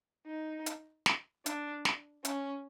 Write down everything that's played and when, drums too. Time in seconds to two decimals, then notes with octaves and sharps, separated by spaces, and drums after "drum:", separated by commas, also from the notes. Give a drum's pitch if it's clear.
0.26 D#4
0.66 drum: hi-hat
1.06 drum: snare
1.46 D4, drum: hi-hat
1.85 drum: snare
2.25 C#4, drum: hi-hat